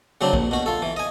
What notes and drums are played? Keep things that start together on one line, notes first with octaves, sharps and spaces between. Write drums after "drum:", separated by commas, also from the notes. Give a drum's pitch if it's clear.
C#3 F#3 C4 D4
A#1, drum: kick A#1
B2 F#4
F4 A4
E3
D#5 G#5